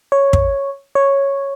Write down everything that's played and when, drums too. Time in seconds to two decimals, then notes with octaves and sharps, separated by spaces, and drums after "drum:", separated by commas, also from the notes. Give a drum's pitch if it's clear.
0.12 C#5
0.33 drum: kick
0.95 C#5